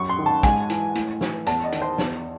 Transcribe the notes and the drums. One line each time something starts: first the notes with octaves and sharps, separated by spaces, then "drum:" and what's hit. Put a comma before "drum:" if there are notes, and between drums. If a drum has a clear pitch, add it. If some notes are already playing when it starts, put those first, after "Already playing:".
Already playing: F#2 C#6
C6
D#3
A5
G#2 G#5, drum: kick, hi-hat
E3, drum: hi-hat
A2, drum: hi-hat
E3, drum: snare
E2 A5, drum: hi-hat
D#5
D#3, drum: hi-hat
C5
E2, drum: snare